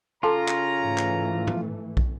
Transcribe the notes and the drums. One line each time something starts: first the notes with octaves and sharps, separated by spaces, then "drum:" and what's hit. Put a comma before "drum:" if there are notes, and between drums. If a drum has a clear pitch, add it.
C#3 C#4 F4 A4 A5 A#5 C6
drum: clap
G#2 E3 A3
drum: clap
drum: tom
drum: kick